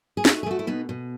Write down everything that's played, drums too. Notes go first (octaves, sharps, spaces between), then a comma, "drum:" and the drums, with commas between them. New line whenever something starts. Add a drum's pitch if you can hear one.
G#4
A3 D#4 F#4, drum: snare
G#4
A3 F#4
E4
B2 B3 D#4
B2